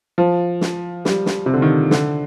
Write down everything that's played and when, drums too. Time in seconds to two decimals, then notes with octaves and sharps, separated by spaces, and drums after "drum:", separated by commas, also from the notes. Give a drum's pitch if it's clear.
0.18 F3
0.61 drum: snare
1.05 G3, drum: snare
1.26 drum: snare
1.46 C3
1.53 D3
1.62 D#3
1.91 D3, drum: snare